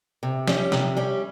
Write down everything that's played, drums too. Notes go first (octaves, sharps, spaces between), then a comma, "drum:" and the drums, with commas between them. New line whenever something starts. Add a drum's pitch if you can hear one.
C3
G3 C#4, drum: snare
C3, drum: snare
G3 C#4